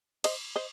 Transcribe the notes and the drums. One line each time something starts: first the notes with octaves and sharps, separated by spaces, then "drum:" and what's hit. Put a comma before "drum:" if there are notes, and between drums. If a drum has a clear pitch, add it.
C5 D#5, drum: cymbal
C5 D#5